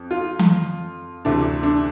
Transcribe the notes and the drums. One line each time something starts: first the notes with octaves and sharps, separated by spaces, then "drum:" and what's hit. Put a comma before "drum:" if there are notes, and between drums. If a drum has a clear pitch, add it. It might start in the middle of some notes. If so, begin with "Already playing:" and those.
Already playing: F2
F4
drum: tom E3
D2 C3 E3 A3 D4
D4